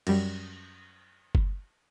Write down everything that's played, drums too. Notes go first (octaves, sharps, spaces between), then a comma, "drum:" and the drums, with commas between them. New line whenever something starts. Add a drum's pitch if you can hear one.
F#2 G3, drum: cymbal
drum: kick F#1